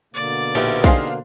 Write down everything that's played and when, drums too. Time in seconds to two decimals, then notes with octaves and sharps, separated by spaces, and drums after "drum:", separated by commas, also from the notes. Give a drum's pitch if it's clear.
0.14 B2 D3 A#3 D5
0.55 A#1 D#4 G4 B4, drum: tambourine
0.84 D4 D#4 G4 G#4 C5 F5, drum: kick
1.07 drum: tambourine